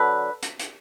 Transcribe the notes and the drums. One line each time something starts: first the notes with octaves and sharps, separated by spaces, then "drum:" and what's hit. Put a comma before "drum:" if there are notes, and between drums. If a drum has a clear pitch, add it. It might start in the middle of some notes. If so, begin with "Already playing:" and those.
Already playing: D3 F#3 A4 B4
drum: hi-hat
drum: hi-hat